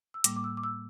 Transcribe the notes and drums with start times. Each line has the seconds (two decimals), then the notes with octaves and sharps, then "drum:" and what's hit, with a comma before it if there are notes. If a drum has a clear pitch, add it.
0.14 E6
0.24 A2 G3 A#3 D6, drum: hi-hat
0.36 D6
0.44 E6
0.57 D6
0.64 E6